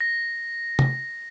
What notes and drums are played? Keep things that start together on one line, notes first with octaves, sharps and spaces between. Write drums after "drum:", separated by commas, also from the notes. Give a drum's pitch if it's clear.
A#6
drum: tom